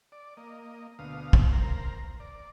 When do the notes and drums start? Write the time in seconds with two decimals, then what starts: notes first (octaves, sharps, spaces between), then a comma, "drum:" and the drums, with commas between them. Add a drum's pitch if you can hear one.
0.12 D5
0.37 A#3 D#5
0.99 D2 B2 F5 D#6
1.33 drum: kick
1.53 A#4 C5 A#5
2.20 D5